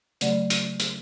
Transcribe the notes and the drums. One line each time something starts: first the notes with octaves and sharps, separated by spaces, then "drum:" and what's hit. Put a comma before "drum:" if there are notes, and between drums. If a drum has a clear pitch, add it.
C#3 F#3 A3 D5 F#5, drum: hi-hat
drum: hi-hat
drum: hi-hat